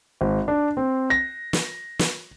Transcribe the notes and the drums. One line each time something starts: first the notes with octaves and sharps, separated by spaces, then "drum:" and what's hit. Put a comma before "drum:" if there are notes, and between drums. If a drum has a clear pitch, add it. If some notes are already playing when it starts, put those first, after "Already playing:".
G#1
D4
C4
A#6
drum: snare
drum: snare